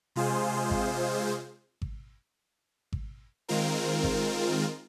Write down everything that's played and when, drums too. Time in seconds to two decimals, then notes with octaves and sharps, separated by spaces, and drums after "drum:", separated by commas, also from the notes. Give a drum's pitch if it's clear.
0.16 C3 G#3 F4 G#4 C5
0.71 drum: kick G#1
1.82 drum: kick G#1
2.93 drum: kick G#1
3.48 D#3 G#3 C4 F4 A#4
4.03 drum: kick G#1